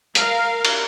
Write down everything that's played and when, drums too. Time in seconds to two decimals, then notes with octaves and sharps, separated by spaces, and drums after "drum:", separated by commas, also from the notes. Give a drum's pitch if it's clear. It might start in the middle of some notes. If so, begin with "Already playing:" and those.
0.15 A#4 F5, drum: hi-hat
0.65 drum: cymbal